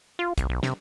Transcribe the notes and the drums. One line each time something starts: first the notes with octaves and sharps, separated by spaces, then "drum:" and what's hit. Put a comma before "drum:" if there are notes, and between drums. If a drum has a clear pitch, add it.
F4
C2, drum: kick, hi-hat
B1
C3, drum: snare